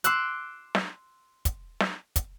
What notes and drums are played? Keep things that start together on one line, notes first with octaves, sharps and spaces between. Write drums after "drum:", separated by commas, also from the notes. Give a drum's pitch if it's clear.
C6 D6 E6 F#6, drum: hi-hat
drum: snare
drum: kick, hi-hat
drum: snare
drum: kick, hi-hat